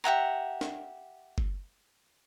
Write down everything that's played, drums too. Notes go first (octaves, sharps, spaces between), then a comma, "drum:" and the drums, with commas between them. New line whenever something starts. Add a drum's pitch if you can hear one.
G4 E5 F#5 A#5
drum: snare
drum: kick F#1